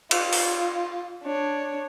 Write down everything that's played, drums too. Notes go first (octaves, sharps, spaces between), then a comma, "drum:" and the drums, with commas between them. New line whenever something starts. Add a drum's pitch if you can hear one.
F4, drum: cymbal
drum: open hi-hat
D4 C#5